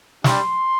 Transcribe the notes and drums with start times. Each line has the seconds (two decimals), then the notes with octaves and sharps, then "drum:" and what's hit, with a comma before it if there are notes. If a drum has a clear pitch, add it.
0.24 G3 D4 G4 C6, drum: snare